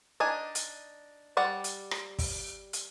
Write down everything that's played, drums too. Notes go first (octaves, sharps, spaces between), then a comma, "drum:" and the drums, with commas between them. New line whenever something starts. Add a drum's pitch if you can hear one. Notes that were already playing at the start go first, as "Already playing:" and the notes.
D4 D#4 G#5
drum: hi-hat
G3 D5 F#5
drum: hi-hat
drum: rim click
drum: kick, open hi-hat
drum: hi-hat